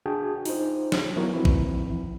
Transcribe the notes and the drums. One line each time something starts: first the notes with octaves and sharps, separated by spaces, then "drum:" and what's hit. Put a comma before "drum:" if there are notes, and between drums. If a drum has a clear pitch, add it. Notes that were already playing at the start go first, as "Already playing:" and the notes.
D4 F#4 G#4 G5 A5
D#4 F4 C5, drum: open hi-hat
drum: snare
E3 F#3 B3 E4 F#4 A#4
E3 F3 C4 E4
drum: kick A1